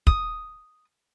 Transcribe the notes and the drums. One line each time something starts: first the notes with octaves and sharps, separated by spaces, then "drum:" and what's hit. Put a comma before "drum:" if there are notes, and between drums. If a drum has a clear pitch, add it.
D#6, drum: kick